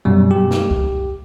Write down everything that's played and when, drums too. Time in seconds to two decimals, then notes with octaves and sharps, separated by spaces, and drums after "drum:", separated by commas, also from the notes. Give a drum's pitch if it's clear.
0.05 F#2 B2 G3
0.31 G4
0.51 drum: snare
0.71 drum: kick C2